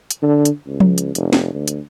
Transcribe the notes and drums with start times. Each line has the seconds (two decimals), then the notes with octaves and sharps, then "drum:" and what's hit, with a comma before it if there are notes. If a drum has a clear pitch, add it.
0.11 drum: hi-hat
0.22 D3
0.45 drum: hi-hat
0.67 C#2
0.80 drum: tom F3
0.98 drum: hi-hat
1.15 F1, drum: hi-hat
1.33 drum: snare
1.54 D2
1.68 drum: hi-hat